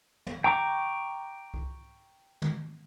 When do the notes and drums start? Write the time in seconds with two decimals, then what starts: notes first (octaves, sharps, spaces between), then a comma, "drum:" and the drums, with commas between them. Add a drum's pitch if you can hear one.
0.26 drum: tom
0.44 G5 A#5 C#6 D6
1.54 drum: kick C2
2.42 drum: tom